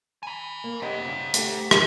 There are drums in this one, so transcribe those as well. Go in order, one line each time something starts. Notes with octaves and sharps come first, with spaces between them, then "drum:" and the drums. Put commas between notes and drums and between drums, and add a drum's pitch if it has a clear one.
G#5 B5
A#3
G4 C5 D#5 F#5
G2 C#3
A3 G4 A4, drum: hi-hat
drum: rim click